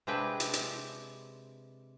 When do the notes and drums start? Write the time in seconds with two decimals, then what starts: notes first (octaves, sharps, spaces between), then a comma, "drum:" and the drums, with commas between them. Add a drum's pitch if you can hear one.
0.07 C3 G#3 C4 D4 B4 G5
0.40 drum: hi-hat
0.53 drum: hi-hat